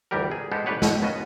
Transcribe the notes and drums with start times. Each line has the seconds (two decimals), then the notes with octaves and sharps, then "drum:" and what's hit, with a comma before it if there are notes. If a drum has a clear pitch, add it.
0.11 G1 D2 E3 G3 G4 A#4
0.31 G#4
0.52 G#3 B3 G4 A4 C5
0.66 A1 G3 G4 B4 C#5
0.82 B2, drum: snare
1.02 D#2 B3 C#4 F#4 D#5